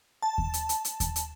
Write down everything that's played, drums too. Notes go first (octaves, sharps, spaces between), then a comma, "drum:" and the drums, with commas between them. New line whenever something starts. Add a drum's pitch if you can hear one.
A5
drum: kick D#2
drum: hi-hat
drum: hi-hat
drum: hi-hat
drum: kick D#2, hi-hat
drum: hi-hat